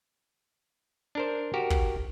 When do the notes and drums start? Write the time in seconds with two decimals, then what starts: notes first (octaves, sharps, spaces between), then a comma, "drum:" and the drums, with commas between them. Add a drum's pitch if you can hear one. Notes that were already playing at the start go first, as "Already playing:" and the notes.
1.15 D4 A#4 C5
1.54 F#4 G4 A#4
1.70 drum: kick